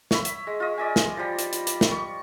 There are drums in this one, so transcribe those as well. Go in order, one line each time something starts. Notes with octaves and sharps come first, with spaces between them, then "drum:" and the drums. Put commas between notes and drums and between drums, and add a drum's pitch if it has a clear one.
C#5 E5 B5, drum: snare
drum: hi-hat
G#3
F4 D#5
D5 D#5 G#5
drum: snare
F3 G3
drum: hi-hat
drum: hi-hat
drum: hi-hat
drum: snare
C#6